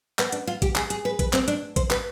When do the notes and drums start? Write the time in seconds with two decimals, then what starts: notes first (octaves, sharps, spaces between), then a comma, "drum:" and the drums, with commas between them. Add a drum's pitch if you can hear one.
0.19 B3, drum: clap
0.32 D4, drum: hi-hat
0.47 F4
0.62 G4, drum: kick A1, hi-hat
0.76 G#4, drum: clap
0.90 G#4, drum: hi-hat
1.05 B4
1.19 B4, drum: kick A1, hi-hat
1.33 C4, drum: clap
1.48 D4, drum: hi-hat
1.76 C5, drum: kick A1, hi-hat
1.91 B4, drum: clap